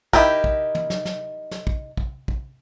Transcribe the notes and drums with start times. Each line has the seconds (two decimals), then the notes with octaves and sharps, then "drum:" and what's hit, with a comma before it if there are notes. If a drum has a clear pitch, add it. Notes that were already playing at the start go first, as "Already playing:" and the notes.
0.13 D#4 E4 G4 A#4, drum: kick
0.44 drum: kick
0.75 drum: tom
0.90 drum: snare
1.05 drum: snare
1.51 drum: snare
1.67 drum: kick
1.97 drum: kick
2.28 drum: kick